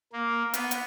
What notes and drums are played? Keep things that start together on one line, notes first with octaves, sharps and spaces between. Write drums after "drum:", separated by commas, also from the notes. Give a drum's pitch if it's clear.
A#3
B3, drum: hi-hat
drum: hi-hat